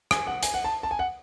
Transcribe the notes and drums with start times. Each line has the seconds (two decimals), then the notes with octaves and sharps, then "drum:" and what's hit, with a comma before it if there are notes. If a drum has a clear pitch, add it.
0.11 G#5, drum: rim click
0.27 F#5
0.43 G#5, drum: hi-hat
0.54 F#5
0.64 A5
0.83 A5
0.91 G#5
0.99 F#5